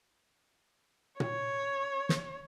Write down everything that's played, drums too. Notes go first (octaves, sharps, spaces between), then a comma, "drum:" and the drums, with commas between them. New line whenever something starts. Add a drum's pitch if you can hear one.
C#5, drum: tom A#2
drum: snare